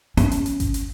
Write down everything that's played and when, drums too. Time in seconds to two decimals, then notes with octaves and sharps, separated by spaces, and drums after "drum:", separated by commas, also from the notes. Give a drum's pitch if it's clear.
0.17 C#4, drum: kick G#1, hi-hat
0.32 drum: hi-hat
0.46 drum: hi-hat
0.60 drum: kick G#1, hi-hat
0.74 drum: hi-hat